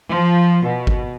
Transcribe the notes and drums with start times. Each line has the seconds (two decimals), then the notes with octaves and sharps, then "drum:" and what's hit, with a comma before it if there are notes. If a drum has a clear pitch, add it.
0.11 F3 F4
0.66 B2
0.87 drum: kick G#1